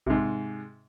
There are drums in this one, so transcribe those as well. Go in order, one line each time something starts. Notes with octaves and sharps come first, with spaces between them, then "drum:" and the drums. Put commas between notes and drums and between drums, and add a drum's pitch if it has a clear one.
G#2 C3, drum: kick A#1